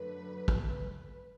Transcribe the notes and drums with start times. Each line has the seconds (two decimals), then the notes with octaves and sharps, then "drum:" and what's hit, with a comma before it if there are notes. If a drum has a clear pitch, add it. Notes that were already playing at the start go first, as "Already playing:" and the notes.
Already playing: F#2 D3 F#3 A3 B4
0.48 drum: kick